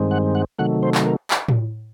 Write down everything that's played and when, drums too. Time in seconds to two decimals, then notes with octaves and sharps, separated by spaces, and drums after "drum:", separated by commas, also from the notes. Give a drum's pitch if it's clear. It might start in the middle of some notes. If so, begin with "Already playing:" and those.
Already playing: G2 D#3 G#3 C4
0.11 F#5
0.35 F#5
0.59 C3 D#3 F#3 A3 F#5
0.83 C5
0.95 drum: clap
1.06 A#4
1.31 drum: clap
1.49 drum: tom A2